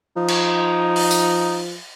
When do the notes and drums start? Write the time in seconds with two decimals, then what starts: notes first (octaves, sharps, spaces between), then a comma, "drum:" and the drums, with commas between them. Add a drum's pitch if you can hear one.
0.16 F3 D#4
0.28 drum: cymbal
0.96 drum: open hi-hat
1.11 drum: tambourine